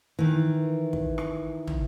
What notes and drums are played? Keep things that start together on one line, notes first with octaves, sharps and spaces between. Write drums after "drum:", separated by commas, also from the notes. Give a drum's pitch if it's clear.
D#3 E3
drum: kick
drum: rim click
drum: tom